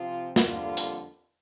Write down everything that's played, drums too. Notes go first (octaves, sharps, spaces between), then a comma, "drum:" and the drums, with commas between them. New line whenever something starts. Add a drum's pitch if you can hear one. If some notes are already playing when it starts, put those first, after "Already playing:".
Already playing: C3 F3 C4 F4
drum: snare
F2 D3 G3 A#3 F4
drum: hi-hat